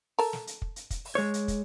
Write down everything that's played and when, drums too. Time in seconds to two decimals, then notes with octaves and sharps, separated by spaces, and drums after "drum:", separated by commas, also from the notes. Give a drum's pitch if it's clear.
0.19 A4 A#4, drum: open hi-hat
0.33 drum: snare
0.47 drum: hi-hat
0.62 drum: kick
0.76 drum: hi-hat
0.90 drum: kick, hi-hat
1.05 drum: open hi-hat
1.15 G#3 C#5
1.34 drum: hi-hat
1.48 drum: kick, hi-hat